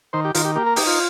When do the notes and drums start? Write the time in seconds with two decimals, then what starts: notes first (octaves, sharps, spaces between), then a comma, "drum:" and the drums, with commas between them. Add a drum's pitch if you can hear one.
0.13 D#3 C5
0.25 G4
0.35 D#3 F4, drum: hi-hat
0.45 G4
0.55 A#3 G4
0.66 A#4
0.76 D#4 G4, drum: open hi-hat
0.87 F4